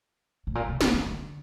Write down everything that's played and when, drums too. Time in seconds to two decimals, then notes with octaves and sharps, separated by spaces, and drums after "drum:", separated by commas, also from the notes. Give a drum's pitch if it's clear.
0.47 A2
0.55 A#2
0.68 C3
0.81 D3, drum: snare
0.94 D#3
1.06 D3